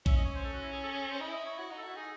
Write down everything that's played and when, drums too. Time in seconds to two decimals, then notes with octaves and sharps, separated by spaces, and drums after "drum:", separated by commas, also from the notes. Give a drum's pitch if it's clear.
0.06 C#4 E5, drum: kick A#1
0.16 D#5
0.25 C#5
0.35 C5
0.44 A4
0.53 F#4
0.63 E4
0.72 G#4
0.83 A4
0.92 G#4
1.01 A4
1.11 C5
1.20 E4 D#5
1.33 D#5
1.46 C#5
1.58 F#4 C#5
1.71 D#4
1.78 A4
1.84 E4 F#4
1.96 D#4 G#4